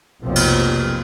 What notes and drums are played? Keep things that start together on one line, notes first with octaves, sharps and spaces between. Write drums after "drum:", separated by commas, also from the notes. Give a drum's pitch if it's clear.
F1 B1 C3 F3 A#3 C4
drum: cymbal